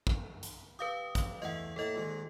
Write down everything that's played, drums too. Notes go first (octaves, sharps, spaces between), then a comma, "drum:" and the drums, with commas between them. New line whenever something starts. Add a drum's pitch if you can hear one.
drum: kick
drum: hi-hat
G4 B4 F5 D#6
drum: kick, hi-hat
E2 A3 D#5 F5 F#5
A2 A#3 A4 D#5 A5
A#1 G#2 D#3